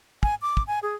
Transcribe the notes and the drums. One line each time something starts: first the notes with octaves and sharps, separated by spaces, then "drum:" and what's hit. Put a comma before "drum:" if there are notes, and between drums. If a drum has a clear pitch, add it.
G#5, drum: kick
D6
drum: kick
G#5
G#4